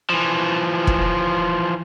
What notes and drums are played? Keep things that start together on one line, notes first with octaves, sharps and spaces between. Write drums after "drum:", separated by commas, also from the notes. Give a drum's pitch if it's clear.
E3 F3
drum: kick